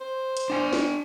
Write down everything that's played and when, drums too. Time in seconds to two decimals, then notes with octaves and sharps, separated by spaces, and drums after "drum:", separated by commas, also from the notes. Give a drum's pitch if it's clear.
0.01 C5
0.37 drum: hi-hat
0.50 D4 G5 G#5
0.73 drum: snare